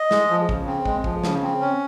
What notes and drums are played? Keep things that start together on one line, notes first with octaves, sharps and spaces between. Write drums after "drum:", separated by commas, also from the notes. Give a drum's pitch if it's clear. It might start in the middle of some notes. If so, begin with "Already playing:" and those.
Already playing: D#5
G#3, drum: snare
F3
C#3, drum: kick
C4
G#3, drum: kick
F3, drum: kick
C#3, drum: snare
C4
C#4